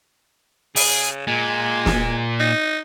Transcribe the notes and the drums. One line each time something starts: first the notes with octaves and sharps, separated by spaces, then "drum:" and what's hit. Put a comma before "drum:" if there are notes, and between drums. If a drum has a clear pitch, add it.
C#3 G#4, drum: open hi-hat
A#2 G#3
drum: snare
D#4